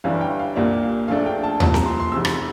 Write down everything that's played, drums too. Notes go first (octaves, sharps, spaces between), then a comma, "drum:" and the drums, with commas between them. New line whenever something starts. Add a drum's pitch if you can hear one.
G1 G2 E3 G3 D4 F5
G5
F5
C2 A#2 G3 A#3 D4
F5
A#1 A#2 A3 D4 F5
G5
A5
C2 A#2 F3 A5, drum: tom D#2
A#5, drum: snare C4
C6
C6
F1 E2 C3 E6
drum: rim click